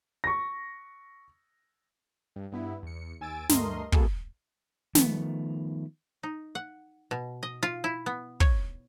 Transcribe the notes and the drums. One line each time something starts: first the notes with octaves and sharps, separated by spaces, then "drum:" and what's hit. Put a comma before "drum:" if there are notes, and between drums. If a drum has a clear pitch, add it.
C#6 A#6
G2
G2 B3 E4
E2 C#7
D#2 G#5 E6 A6 D7
D2 G2 A3 A#4 D#5 C6, drum: snare
G#3 A#3 B3 F#4 G#4 A4, drum: kick
D#3 F3 A3 B3, drum: snare
D#4
F#5
B2
D#5
F4
E4
B3
C#5, drum: kick